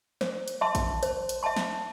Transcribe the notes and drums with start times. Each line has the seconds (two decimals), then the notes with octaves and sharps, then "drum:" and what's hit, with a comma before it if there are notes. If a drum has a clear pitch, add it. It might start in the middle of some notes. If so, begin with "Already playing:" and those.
0.21 C5, drum: snare
0.48 drum: hi-hat
0.61 E5 A5 C6
0.75 drum: kick A1, hi-hat
1.03 C5, drum: hi-hat
1.29 drum: hi-hat
1.43 E5 A5 C6
1.56 drum: snare